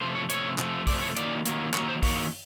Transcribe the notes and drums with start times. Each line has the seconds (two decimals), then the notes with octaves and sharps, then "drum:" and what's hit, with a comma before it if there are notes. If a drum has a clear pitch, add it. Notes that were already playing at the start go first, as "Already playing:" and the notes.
0.01 C3 F3 A3 C5
0.15 C#5
0.30 C3 F3 A3 C#5, drum: hi-hat
0.58 C3 F3 A3, drum: clap
0.87 C3 F3 A3 D5, drum: kick, open hi-hat
1.01 C#5
1.17 D#3 F#3 A#3 D5, drum: hi-hat
1.46 D#3 F#3 A#3, drum: hi-hat
1.74 D#3 F#3 A#3 C#5, drum: clap
1.88 C5
2.03 D#3 F#3 A#3 C#5, drum: kick, open hi-hat